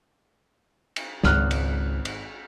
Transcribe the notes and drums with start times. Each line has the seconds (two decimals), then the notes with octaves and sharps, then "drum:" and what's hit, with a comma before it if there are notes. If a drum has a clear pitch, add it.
0.96 drum: cymbal
1.23 G#1 C#2 F6 F#6, drum: snare
1.51 drum: cymbal
2.05 drum: cymbal